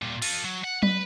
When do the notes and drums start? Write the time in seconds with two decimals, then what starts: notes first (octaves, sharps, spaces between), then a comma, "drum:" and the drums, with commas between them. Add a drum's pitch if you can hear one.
0.02 A#2 G3
0.22 F4 A4, drum: cymbal
0.44 F#3
0.64 F#5
0.83 B4, drum: tom F#3